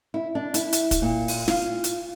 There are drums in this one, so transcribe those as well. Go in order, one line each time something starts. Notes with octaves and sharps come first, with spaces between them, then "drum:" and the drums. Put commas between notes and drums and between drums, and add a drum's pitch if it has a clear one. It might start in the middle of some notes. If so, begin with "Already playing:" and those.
E4
D4
E4, drum: hi-hat
drum: hi-hat
drum: kick, hi-hat
A#2
drum: open hi-hat
F4, drum: snare
drum: hi-hat